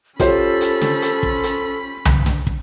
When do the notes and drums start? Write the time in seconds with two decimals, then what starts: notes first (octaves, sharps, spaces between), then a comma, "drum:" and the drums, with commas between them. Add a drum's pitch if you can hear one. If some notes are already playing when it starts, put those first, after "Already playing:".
0.20 C#4 F4 G4 A4 C5 C#5 B5, drum: kick, hi-hat
0.61 drum: hi-hat
0.82 drum: snare
1.02 drum: hi-hat
1.23 drum: kick
1.43 drum: hi-hat
2.05 drum: tom C2
2.26 drum: snare
2.47 drum: kick